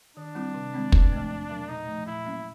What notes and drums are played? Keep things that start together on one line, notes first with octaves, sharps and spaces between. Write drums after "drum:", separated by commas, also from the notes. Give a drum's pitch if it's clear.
D#3 D4
G3 C4 E4
C3
D#3 G#3 C4
C3, drum: kick
F3 A3
E2
B2 F#3
A#2 D#4
F3 A3
A#2 E4
F#3 A#3 C#4